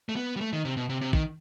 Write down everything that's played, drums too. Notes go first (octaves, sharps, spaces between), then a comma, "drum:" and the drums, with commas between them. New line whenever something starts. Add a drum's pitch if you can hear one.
A3
B3
G3
A3
D#3
C3
B2
C3
C3
D#3, drum: kick